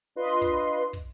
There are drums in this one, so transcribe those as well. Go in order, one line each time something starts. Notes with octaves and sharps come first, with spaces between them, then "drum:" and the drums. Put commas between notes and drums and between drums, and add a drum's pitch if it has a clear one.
D4 F4 B4 D#5 C6
drum: kick, hi-hat
drum: kick